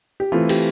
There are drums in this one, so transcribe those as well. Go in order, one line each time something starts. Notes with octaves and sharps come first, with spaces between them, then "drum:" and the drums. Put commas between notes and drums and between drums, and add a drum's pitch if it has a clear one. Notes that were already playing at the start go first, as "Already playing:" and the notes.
G4
E3 A3 C4 F4
G4, drum: cymbal